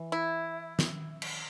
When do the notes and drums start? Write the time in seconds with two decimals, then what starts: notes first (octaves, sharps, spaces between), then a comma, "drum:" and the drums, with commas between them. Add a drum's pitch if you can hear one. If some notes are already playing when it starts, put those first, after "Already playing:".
Already playing: E3
0.12 E4
0.79 drum: snare
1.22 drum: cymbal